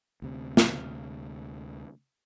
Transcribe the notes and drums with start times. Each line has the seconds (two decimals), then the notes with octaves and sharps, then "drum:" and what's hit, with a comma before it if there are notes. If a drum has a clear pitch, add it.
0.22 D2 C3
0.57 drum: snare